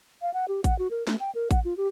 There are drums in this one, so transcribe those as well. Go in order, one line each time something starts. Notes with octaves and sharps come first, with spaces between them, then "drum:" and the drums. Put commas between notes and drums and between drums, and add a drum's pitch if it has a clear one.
F5
F#5
G4
F#5, drum: kick A1, hi-hat
F#4
A#4
A3, drum: snare
G5
A#4
F#5, drum: kick A1, hi-hat
F4
G4